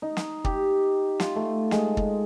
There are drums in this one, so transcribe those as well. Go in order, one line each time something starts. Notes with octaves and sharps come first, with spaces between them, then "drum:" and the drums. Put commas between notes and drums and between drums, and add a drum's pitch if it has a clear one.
D#4
drum: snare
G4, drum: kick
F4, drum: snare
A3
G#3, drum: snare
drum: kick